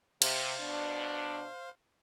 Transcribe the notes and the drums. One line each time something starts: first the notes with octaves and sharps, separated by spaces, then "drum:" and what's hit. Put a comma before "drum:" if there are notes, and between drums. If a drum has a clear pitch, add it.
C3 C5 F5, drum: cymbal
B2 D4